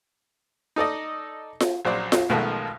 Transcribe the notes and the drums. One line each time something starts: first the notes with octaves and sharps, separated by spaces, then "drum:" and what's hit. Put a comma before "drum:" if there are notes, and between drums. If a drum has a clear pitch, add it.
D#4 A4 D5 D#5
drum: snare F4
A#1 F#3 C5 D5 C6
drum: snare F4
B1 B2 D#3 F3 G#3 A3